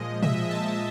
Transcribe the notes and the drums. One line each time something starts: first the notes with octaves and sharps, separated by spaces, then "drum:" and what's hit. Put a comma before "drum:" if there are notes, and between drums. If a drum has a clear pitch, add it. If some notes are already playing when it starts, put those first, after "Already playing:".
Already playing: A#2 F3 G#3 D#5
A#2 E5, drum: tom B2
A5
F3 G#3